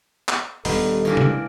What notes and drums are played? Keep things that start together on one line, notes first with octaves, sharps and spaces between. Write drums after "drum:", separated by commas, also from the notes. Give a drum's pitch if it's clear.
drum: clap
D#1 G2 D#3 G3 B3 D#4 A4, drum: open hi-hat
G2 E3 A#3 D4
drum: tom C3